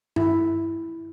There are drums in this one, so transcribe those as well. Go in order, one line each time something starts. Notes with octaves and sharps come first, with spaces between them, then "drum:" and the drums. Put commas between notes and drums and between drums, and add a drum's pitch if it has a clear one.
E4, drum: tom G2